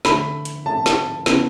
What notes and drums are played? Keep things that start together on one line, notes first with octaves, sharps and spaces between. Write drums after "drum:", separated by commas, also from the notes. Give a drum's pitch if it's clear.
D3 A3 B5, drum: snare
drum: hi-hat
D3 A3 A5
drum: snare
C#3 E3 B3, drum: snare